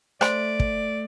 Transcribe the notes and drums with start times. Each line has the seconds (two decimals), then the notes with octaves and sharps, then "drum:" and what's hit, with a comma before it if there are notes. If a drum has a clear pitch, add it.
0.21 A3 C5 D5 C6, drum: rim click
0.60 drum: kick